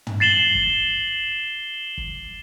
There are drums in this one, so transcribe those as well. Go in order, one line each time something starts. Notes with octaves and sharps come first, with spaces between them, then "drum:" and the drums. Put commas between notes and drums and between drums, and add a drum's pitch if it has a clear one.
drum: tom
A6 C7 E7 F#7 G7
drum: kick
drum: kick